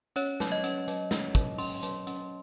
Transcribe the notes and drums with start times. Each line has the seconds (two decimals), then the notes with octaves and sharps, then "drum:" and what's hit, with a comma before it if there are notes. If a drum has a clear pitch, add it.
0.16 C#4 C#5, drum: hi-hat
0.40 F#3, drum: snare
0.52 D#5
0.64 C#4, drum: hi-hat
0.88 F#3, drum: hi-hat
1.11 C#4, drum: snare
1.35 F#3, drum: kick, hi-hat
1.58 C#4 C6, drum: open hi-hat
1.83 F#3, drum: hi-hat
2.07 C#4, drum: hi-hat